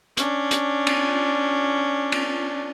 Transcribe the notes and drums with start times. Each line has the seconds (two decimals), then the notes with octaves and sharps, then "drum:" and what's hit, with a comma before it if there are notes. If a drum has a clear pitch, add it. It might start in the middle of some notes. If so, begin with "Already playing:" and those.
0.17 C#4 D4, drum: hi-hat
0.51 drum: hi-hat
0.87 drum: cymbal
2.12 drum: cymbal